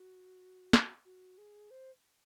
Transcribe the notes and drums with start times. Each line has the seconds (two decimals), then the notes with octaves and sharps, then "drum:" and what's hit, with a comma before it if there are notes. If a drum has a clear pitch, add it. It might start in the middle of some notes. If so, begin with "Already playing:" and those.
Already playing: F#4
0.73 drum: snare
1.05 F#4
1.38 G#4
1.71 C5